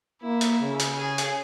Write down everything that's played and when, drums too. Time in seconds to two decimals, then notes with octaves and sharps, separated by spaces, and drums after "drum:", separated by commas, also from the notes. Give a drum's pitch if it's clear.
0.22 A#3 E4
0.41 drum: hi-hat
0.60 C#3
0.80 drum: hi-hat
0.98 G#4
1.18 drum: hi-hat